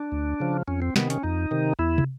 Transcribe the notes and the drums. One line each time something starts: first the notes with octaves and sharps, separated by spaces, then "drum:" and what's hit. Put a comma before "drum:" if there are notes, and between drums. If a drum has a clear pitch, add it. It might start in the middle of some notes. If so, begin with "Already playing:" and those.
Already playing: D4
D2
C#3 F3
F2 C#4
C4
C3 D#3 B3, drum: snare
C#4, drum: hi-hat
F2 D#4
C3 D#3
E2 E4
drum: tom